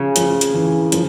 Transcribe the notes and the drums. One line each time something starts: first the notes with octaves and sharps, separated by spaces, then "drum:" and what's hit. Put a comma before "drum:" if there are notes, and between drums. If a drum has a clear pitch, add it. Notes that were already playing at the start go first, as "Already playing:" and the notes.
Already playing: C#3 F3
F3, drum: hi-hat
drum: hi-hat
E3
F3, drum: hi-hat